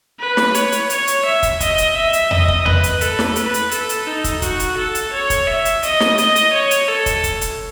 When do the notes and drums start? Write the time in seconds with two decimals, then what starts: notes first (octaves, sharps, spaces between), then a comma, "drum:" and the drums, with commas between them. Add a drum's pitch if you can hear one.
0.20 B4
0.37 drum: snare
0.54 C#5, drum: hi-hat
0.72 drum: hi-hat
0.90 C#5, drum: hi-hat
1.07 drum: hi-hat
1.25 E5
1.43 drum: kick, hi-hat
1.60 D#5, drum: kick, hi-hat
1.78 drum: hi-hat
1.96 E5
2.13 drum: hi-hat
2.31 D#5, drum: tom E2
2.48 drum: kick
2.66 B4, drum: tom E2
2.83 drum: hi-hat
3.01 A4, drum: hi-hat
3.19 drum: snare
3.36 B4, drum: hi-hat
3.54 drum: hi-hat
3.71 A4, drum: hi-hat
3.89 drum: hi-hat
4.07 D#4
4.24 drum: kick, hi-hat
4.42 F#4, drum: kick, hi-hat
4.60 drum: hi-hat
4.77 A4
4.95 drum: hi-hat
5.12 C#5
5.30 drum: kick, hi-hat
5.47 E5
5.65 drum: hi-hat
5.83 D#5, drum: hi-hat
6.00 drum: snare
6.18 D#5, drum: hi-hat
6.36 drum: hi-hat
6.53 C#5
6.71 drum: hi-hat
6.88 A4
7.06 drum: kick, hi-hat
7.24 drum: kick, hi-hat
7.41 drum: hi-hat